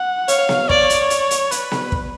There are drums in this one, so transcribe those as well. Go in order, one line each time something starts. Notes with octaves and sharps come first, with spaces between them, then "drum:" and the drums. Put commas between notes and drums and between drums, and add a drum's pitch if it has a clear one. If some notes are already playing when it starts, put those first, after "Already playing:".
Already playing: F#5
C#5 F5, drum: hi-hat
drum: snare B3
C#5 D5, drum: kick
drum: hi-hat
drum: hi-hat
drum: hi-hat
B4, drum: hi-hat
drum: snare B3
drum: kick